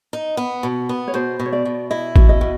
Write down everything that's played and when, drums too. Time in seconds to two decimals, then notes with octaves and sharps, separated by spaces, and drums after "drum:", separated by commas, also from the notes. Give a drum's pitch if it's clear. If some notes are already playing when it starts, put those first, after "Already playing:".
0.13 D#4
0.37 B3
0.63 B2
0.89 B3
1.08 C#5
1.14 B2 C5
1.40 B2
1.46 C#5
1.53 D5
1.65 B2
1.91 E4 D#5
2.16 B2, drum: kick
2.29 D#5
2.41 B2